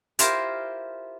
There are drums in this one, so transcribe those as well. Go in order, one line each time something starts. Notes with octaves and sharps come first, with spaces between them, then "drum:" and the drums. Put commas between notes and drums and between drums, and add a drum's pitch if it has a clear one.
E4 F4 G4 A#4 C5, drum: hi-hat